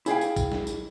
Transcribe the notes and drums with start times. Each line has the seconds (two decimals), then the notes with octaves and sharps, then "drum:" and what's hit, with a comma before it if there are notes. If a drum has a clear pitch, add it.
0.06 E4 G#4 F5 G5, drum: tambourine
0.21 drum: tambourine
0.37 drum: kick G#1, tambourine
0.52 drum: snare
0.67 drum: tambourine